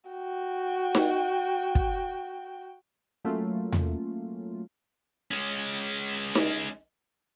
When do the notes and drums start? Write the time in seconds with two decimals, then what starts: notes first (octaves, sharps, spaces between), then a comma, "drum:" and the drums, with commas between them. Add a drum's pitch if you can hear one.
0.10 F#4 G5
0.95 drum: snare D#4
1.75 drum: kick
3.24 F#3 A3 A#3 C#4 F4
3.72 drum: tom E2
5.31 G#3 C#4
6.35 drum: snare D#4